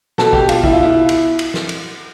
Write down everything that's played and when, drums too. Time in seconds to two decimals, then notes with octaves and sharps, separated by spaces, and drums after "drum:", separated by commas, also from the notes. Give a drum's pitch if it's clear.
0.18 B2 A4, drum: snare
0.33 G4, drum: kick
0.49 F4, drum: cymbal
0.64 E4, drum: kick
0.73 F4
0.83 E4
1.09 drum: cymbal
1.39 drum: cymbal
1.54 drum: snare
1.69 drum: cymbal